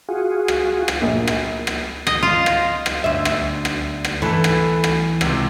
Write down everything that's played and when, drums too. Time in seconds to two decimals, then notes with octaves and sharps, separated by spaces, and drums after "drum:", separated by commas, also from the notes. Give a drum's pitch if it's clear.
0.09 F4 F#4 G#4
0.48 drum: rim click
0.88 drum: rim click
1.01 A#1
1.27 drum: rim click
1.67 drum: rim click
2.07 D#5, drum: rim click
2.23 F4
2.46 drum: rim click
2.86 drum: rim click
3.04 D2 E5
3.25 drum: rim click
3.65 drum: rim click
4.05 drum: rim click
4.22 E3 A3 A4
4.44 drum: rim click
4.84 drum: rim click
5.21 C#2 C3, drum: rim click